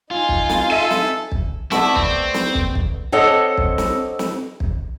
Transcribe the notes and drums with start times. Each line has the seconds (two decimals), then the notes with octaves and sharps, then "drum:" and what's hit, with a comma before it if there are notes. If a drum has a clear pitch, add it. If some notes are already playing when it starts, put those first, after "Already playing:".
0.11 D#4 F4 G#5
0.29 drum: kick
0.49 drum: snare
0.70 A4 E5 D#7
0.90 drum: snare
1.32 drum: kick
1.71 A3 B3 E4 D5, drum: snare
1.96 C4, drum: kick
2.34 drum: snare
2.55 drum: kick
2.75 drum: kick
3.12 C4 D4 A4 C#5 D#5 F#5
3.58 drum: kick
3.78 drum: snare
4.19 drum: snare
4.60 drum: kick